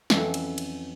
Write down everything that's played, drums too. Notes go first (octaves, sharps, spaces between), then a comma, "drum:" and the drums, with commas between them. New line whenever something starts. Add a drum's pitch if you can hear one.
F2 E3 F#3 C#4, drum: snare
drum: cymbal
drum: cymbal